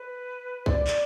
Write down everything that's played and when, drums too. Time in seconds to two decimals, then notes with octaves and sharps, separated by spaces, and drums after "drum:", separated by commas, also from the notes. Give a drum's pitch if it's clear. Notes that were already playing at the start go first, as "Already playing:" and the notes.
Already playing: B4
0.66 D5, drum: kick
0.87 drum: clap